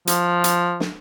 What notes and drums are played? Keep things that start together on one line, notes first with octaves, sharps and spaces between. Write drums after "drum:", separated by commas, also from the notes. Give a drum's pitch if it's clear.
F3, drum: hi-hat
drum: hi-hat
drum: snare